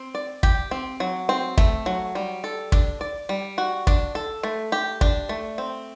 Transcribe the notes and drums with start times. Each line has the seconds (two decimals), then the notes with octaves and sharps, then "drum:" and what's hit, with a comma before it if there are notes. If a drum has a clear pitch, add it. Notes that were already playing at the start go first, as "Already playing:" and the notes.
Already playing: C4
0.15 D5
0.43 G4, drum: kick
0.71 C4
1.00 F#3
1.29 C4
1.58 A3, drum: kick
1.86 F#3
2.15 G3
2.44 A4
2.72 D4, drum: kick
3.01 D5
3.29 G3
3.58 F#4
3.87 D4, drum: kick
4.15 A4
4.43 A3
4.72 G4
5.01 D4, drum: kick
5.29 A3
5.58 C4